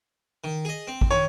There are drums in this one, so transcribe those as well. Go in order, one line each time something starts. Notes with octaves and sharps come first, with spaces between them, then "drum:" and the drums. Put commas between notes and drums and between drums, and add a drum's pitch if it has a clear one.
D#3
G#4 D#5
C4
drum: kick G#1
D#3 C#5